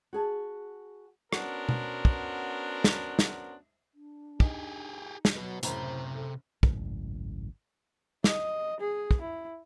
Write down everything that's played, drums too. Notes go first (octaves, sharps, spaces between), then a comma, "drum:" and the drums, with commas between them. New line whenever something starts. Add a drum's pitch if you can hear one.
F#4 G#4 A5
B3 C#4 D4 F#4 A#4 C5, drum: rim click
drum: tom B2
drum: kick
drum: snare
drum: snare
D4
D#4 G4 G#4, drum: kick
drum: snare
F#3 F#4 B4
F#1 A2 C3 C5 A#5, drum: hi-hat
A4
G#1 C#2 F#2 A2, drum: kick
D#5, drum: snare
G#4
drum: kick
E4